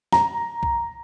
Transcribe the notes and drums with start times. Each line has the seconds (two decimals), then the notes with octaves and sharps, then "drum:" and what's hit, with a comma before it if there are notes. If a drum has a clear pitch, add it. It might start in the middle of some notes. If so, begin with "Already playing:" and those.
0.13 A#5, drum: snare
0.63 drum: kick C2